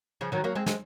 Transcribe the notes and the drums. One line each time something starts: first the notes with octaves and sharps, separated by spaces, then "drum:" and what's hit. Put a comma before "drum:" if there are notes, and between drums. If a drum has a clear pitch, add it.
C#3 F3
D#3 F#3
F#3 A#3
G#3 C4
G#3 C4, drum: snare